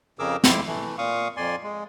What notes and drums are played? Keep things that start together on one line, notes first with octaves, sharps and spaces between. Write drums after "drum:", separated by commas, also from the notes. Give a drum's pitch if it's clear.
F2 C#3 G#4 A#4 D6 E6
F2 E4 C6 D6, drum: snare
E3 A3
A#2 F5 C#6 D#6
F2 D5 G#5 C6
G#3